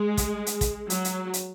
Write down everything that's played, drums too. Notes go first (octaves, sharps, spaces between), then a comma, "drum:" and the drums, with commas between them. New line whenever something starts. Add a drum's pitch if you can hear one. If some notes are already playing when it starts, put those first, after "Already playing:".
Already playing: G#3
drum: kick, hi-hat
drum: hi-hat
drum: kick, hi-hat
F#3, drum: hi-hat
drum: hi-hat
drum: hi-hat